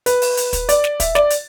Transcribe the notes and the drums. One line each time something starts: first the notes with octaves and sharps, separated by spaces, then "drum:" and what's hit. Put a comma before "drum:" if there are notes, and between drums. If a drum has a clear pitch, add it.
B4, drum: hi-hat
drum: open hi-hat
drum: hi-hat
drum: kick, hi-hat
D5, drum: hi-hat
drum: snare
E5, drum: kick, hi-hat
D5, drum: snare
drum: hi-hat